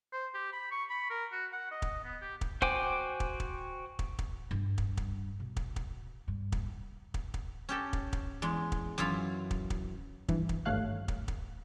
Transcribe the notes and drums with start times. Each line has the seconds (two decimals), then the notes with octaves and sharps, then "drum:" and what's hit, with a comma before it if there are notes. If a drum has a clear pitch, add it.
0.12 C5
0.34 G4
0.53 B5
0.71 C#6
0.90 B5
1.10 A#4
1.32 F#4
1.53 F#5
1.71 D#5
1.82 drum: kick
2.04 B3
2.22 G4
2.41 drum: kick
2.62 F#4 C5 G5 G#5 D6, drum: kick
3.20 drum: kick
3.40 drum: kick
3.99 drum: kick
4.19 drum: kick
4.51 G2 G3
4.78 drum: kick
4.97 drum: kick
5.40 B2
5.56 drum: kick
5.76 drum: kick
6.28 G2
6.52 D#1, drum: kick
7.14 drum: kick
7.34 drum: kick
7.69 C#4 G4 A4
7.93 drum: kick
8.13 drum: kick
8.42 E2 G#3
8.72 drum: kick
8.98 F#2 E3 E4 F4 F5
9.51 drum: kick
9.70 drum: kick
10.29 G2 E3, drum: kick
10.49 drum: kick
10.65 G#1 G2 A3 C#5 F5 F#6
11.08 drum: kick
11.28 drum: kick